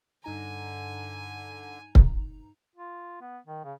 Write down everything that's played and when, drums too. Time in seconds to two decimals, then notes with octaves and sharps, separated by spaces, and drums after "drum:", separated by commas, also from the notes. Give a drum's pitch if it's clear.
0.24 G2 D3 D#4 G#5 A#5
1.95 drum: kick C#1
2.75 F4
3.21 B3
3.47 D#3
3.64 C#3